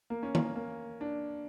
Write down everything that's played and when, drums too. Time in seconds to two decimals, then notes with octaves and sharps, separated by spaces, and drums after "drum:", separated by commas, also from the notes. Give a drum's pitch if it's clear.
0.10 A#3
0.23 C#4
0.35 A#3, drum: tom D#3
0.56 A#3
1.01 D4